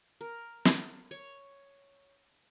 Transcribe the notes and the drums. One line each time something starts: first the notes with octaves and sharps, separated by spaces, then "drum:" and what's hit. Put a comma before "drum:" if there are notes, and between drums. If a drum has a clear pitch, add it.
A#4
drum: snare
C#5